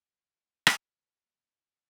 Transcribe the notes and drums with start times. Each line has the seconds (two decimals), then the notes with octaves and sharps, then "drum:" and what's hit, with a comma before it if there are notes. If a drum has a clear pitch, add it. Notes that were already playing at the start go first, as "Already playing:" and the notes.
Already playing: E2 C3
0.39 A3 C4
0.67 drum: rim click
1.21 G3 A#3